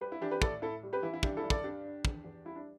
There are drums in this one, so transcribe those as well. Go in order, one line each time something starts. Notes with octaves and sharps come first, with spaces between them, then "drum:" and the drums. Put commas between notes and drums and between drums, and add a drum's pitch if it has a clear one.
G3 G4 B4
E4
E3 D4 G4
G4 B4
A2 A4 D5, drum: kick
A2 E4 A4
G3
G4 B4
E3 E4
E4
G2 D4 G4, drum: kick
E4 A4
G2
A4 D5, drum: kick
G3 D4 G4
D3
E2, drum: kick
E2
G3 E4
D4